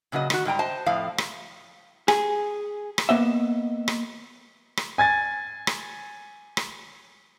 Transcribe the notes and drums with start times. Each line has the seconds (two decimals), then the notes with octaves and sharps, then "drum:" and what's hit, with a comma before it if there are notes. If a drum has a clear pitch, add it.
0.12 A#2 C#3 F#3 F#4 D#5
0.30 D#3 F#4, drum: rim click
0.45 G#2 G3 G5 A#5
0.59 C5 D#5 A5
0.86 F2 A2 F3 F5
1.18 drum: rim click
2.08 G#4, drum: rim click
2.98 drum: rim click
3.09 A#3 B3 D#5 E5
3.88 drum: rim click
4.77 drum: rim click
4.98 G#5 G#6 A6
5.67 drum: rim click
6.57 drum: rim click